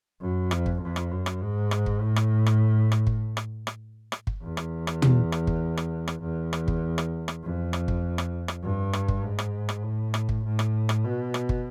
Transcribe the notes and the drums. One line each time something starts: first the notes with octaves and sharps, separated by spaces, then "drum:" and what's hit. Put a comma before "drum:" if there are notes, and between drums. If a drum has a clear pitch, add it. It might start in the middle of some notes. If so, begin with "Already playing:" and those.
F#2
F2, drum: rim click
drum: kick
F2
drum: rim click
F#2
drum: rim click
G#2
drum: rim click
drum: kick
A2
drum: rim click
drum: rim click
drum: rim click
drum: kick
drum: rim click
drum: rim click
drum: rim click
drum: kick
E2
drum: rim click
drum: rim click
drum: tom
drum: rim click
drum: kick
drum: rim click
drum: rim click
E2
drum: rim click
drum: kick
drum: rim click
drum: rim click
F2
drum: rim click
drum: kick
drum: rim click
drum: rim click
G2
drum: rim click
drum: kick
G#2
drum: rim click
drum: rim click
A2
drum: rim click
drum: kick
A2
drum: rim click
drum: rim click
B2
drum: rim click
drum: kick